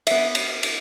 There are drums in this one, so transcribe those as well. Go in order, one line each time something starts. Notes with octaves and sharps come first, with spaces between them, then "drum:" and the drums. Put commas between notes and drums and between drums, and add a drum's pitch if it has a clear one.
B3 E5, drum: cymbal
drum: cymbal
drum: cymbal